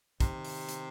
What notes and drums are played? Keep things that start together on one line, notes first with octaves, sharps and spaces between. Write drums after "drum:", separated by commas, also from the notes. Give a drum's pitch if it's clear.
C3 D#3, drum: kick, hi-hat
drum: open hi-hat
drum: hi-hat